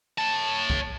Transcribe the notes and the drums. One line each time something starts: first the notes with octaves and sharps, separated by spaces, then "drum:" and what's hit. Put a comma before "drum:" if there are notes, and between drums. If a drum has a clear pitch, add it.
C#5 A5
drum: kick C2